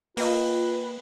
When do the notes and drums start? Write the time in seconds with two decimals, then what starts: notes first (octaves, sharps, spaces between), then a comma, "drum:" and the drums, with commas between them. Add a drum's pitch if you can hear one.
0.17 A#3 F4 B4 D#5 G5, drum: open hi-hat